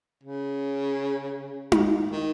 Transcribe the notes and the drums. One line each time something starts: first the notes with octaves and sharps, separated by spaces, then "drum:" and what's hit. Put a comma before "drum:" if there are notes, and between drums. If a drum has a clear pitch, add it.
C#3
drum: tom D#4
D#3